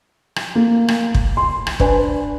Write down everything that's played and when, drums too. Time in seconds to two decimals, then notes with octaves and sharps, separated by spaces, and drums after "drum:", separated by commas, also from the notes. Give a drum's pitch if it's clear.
0.36 drum: rim click
0.55 A#3
0.88 drum: rim click
1.14 drum: kick
1.37 C6
1.67 drum: rim click
1.80 D4 B4 G#5, drum: kick